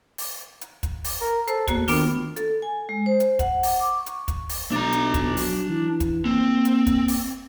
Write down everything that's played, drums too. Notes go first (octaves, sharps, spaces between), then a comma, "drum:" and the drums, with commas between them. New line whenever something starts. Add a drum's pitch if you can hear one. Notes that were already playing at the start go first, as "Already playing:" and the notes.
drum: open hi-hat
drum: hi-hat
drum: kick, hi-hat
drum: open hi-hat
A#4
A4 C5, drum: hi-hat
E2 A3 A#3 F#4, drum: kick, hi-hat
D#3 B3 D4 F4, drum: open hi-hat
A4, drum: hi-hat
G#5
G#3
C5
drum: hi-hat
F#5, drum: kick, hi-hat
drum: open hi-hat
D6
C#6
drum: hi-hat
drum: kick, hi-hat
drum: open hi-hat
B1 D4 A#5
drum: hi-hat
drum: kick, hi-hat
F#3, drum: open hi-hat
E3
drum: kick, hi-hat
A#3 C4
drum: hi-hat
drum: kick, hi-hat
drum: open hi-hat